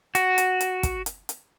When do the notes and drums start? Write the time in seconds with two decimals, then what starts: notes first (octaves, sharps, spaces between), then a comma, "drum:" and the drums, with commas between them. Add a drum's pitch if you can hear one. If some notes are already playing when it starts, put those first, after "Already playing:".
0.15 F#4, drum: hi-hat
0.38 drum: hi-hat
0.61 drum: hi-hat
0.83 drum: kick, hi-hat
1.06 drum: hi-hat
1.29 drum: hi-hat